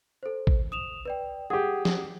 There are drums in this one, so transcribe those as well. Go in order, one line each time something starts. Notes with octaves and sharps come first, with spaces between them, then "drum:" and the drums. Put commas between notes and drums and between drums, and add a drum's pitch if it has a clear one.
A4 C5
drum: kick A1
D#6 E7 F7
B4 D5 G5
G4 G#4 F#5
drum: snare